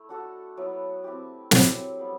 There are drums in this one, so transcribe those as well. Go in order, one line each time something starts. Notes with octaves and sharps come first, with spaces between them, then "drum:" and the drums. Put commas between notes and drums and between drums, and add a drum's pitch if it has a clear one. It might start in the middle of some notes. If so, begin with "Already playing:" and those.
Already playing: A3 E4
D4 F#4 A4
F#3 B3 E4
C4 E4 G4
F#3 C4 E4 G4, drum: snare
G3 B3